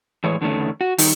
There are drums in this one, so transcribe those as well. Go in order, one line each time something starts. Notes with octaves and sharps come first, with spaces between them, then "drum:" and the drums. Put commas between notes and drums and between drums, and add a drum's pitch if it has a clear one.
A2 E3 G#3 C#5
E2 D3 D#3 A3 C#4
F#4
D#3 G3 D#4, drum: open hi-hat